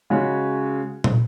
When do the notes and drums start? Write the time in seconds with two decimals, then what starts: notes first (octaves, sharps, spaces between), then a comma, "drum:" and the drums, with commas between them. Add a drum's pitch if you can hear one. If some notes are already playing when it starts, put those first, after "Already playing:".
0.10 C#3 G#3 C#4 F#4 C#5
1.04 drum: tom